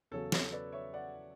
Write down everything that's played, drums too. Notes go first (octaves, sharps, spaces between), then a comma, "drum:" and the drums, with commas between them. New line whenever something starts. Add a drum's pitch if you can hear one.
E2 C#3 F#3 A4 C#5
A4 C#5, drum: snare
B4 D5
C#5 E5
D5 F#5